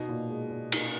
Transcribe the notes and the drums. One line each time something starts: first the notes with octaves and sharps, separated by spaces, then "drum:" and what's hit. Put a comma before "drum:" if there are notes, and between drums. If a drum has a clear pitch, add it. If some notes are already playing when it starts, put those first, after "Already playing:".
Already playing: B2 D#4
A#2
G#3
A#2
D#4, drum: cymbal